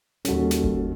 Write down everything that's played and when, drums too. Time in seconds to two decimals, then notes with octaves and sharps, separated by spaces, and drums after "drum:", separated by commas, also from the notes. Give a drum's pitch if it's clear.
0.25 D#2 G3 C#4 F#4 A4, drum: snare
0.51 drum: snare
0.64 drum: kick F#1